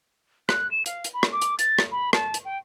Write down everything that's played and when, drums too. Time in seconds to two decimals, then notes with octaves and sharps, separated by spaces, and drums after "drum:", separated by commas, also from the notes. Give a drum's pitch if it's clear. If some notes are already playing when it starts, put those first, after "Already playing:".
0.49 F#6, drum: rim click
0.71 E7
0.86 F5, drum: hi-hat
1.04 drum: hi-hat
1.14 B5
1.23 drum: rim click
1.32 D6
1.41 drum: hi-hat
1.59 A6, drum: hi-hat
1.79 drum: rim click
1.92 B5
2.13 A5, drum: rim click
2.34 drum: hi-hat
2.45 G5